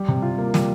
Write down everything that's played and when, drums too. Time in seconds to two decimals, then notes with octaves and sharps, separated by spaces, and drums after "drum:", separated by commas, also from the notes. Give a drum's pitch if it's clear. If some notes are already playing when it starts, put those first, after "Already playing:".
Already playing: G3
0.08 C3
0.22 F4
0.38 A#3
0.54 G3, drum: snare